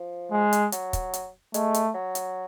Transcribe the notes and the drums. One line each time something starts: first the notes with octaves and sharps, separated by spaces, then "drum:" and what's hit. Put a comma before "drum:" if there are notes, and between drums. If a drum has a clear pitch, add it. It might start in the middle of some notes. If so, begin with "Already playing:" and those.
Already playing: F3
G#3
drum: hi-hat
F#3, drum: hi-hat
drum: kick, hi-hat
drum: hi-hat
G#3 A3, drum: hi-hat
drum: hi-hat
F#3
drum: hi-hat